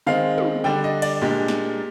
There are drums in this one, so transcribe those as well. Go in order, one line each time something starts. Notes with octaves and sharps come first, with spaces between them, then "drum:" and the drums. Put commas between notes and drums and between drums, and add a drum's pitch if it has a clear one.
D#3 G#3 C4 F5
drum: tom
D3 G3 D4 G5
D#5
D5, drum: cymbal
A#2 G#3 D4 G4
drum: snare